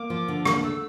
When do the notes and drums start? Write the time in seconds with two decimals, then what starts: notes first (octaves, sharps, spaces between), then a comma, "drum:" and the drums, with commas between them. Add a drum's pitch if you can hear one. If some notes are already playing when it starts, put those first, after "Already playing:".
Already playing: A#3 D6
0.10 F3
0.28 D3
0.46 A#3, drum: rim click
0.63 A3 E6